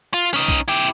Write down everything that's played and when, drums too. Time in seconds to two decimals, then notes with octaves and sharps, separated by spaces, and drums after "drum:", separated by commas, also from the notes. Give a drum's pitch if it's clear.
0.14 F4
0.34 C#4 D#4
0.48 drum: kick B1
0.68 E4 G4